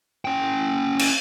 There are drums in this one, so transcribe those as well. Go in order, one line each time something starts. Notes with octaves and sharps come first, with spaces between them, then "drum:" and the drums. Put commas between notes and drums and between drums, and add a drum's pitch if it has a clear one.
C#4 G5
drum: cymbal